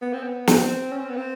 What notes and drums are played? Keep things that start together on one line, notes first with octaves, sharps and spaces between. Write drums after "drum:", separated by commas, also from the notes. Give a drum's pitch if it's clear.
B3
C4
B3
C4, drum: snare
C#4
C4
B3
C4